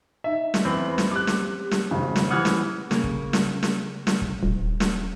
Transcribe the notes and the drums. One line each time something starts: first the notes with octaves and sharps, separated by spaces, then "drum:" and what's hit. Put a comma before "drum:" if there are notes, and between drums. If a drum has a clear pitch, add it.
D#4 E5
drum: snare
E2 C4 B5
drum: snare
G4 D6 F#6
drum: snare
drum: snare
G#1 F2 C#3
drum: snare
E3 G4 F#5 D#6 F6 G#6
drum: snare
C#3 A#3, drum: snare
drum: kick
drum: snare
drum: snare
drum: snare
drum: kick
D#1
drum: snare